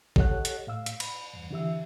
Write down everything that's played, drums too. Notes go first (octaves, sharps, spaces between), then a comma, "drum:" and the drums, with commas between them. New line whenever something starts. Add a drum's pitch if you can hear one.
G4 A4 C#5 D#5 F#5 F#6, drum: kick A1
drum: hi-hat
A2 F5 E6
drum: hi-hat
B5, drum: cymbal
E2 G2
D3 E3 G4 E5 E6